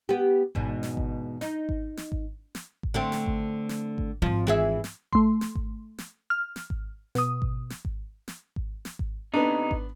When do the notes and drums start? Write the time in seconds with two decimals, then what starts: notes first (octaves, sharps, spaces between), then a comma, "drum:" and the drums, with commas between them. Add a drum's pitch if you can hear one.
0.09 B3 G4
0.55 E2 G#2 B2, drum: kick G#1
0.83 drum: snare
0.97 drum: kick G#1
1.41 D#4, drum: snare
1.69 drum: kick G#1
1.97 drum: snare
2.12 drum: kick G#1
2.55 drum: snare
2.83 drum: kick G#1
2.94 D3 A3 C4
3.12 drum: snare
3.26 drum: kick G#1
3.69 drum: snare
3.98 drum: kick G#1
4.22 G#1 F3 F4
4.47 E3 G#4 E5
4.84 drum: snare
5.13 A3 C6, drum: kick G#1
5.41 drum: snare
5.55 drum: kick G#1
5.98 drum: snare
6.30 F6
6.56 drum: snare
6.70 drum: kick G#1
7.15 B2 D#6, drum: snare
7.42 drum: kick G#1
7.70 drum: snare
7.85 drum: kick G#1
8.28 drum: snare
8.56 drum: kick G#1
8.85 drum: snare
8.99 drum: kick G#1
9.34 C3 B3 D4 D#4
9.71 drum: kick G#1